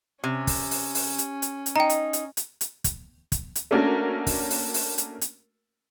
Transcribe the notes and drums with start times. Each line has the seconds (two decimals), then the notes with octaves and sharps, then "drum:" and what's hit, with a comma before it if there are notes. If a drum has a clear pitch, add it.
0.24 C3 C#4
0.47 drum: kick, open hi-hat
0.71 drum: open hi-hat
0.95 drum: open hi-hat
1.18 drum: hi-hat
1.42 drum: hi-hat
1.66 drum: hi-hat
1.76 D#4 G5 A#5
1.90 drum: hi-hat
2.13 drum: hi-hat
2.37 drum: hi-hat
2.61 drum: hi-hat
2.84 drum: kick, hi-hat
3.32 drum: kick, hi-hat
3.55 drum: hi-hat
3.71 A3 A#3 C#4 D4 F#4 A#4
4.27 drum: kick, open hi-hat
4.50 drum: open hi-hat
4.74 drum: open hi-hat
4.98 drum: hi-hat
5.21 drum: hi-hat